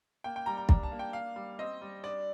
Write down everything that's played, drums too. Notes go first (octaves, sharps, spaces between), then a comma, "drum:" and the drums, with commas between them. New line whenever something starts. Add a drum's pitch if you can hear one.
A#3 G5
G5
G3 A#5
A#5
D4 A#5, drum: kick
A5
A#3
G5
D4 F5
G3
C4 D#5
G3
D4 D5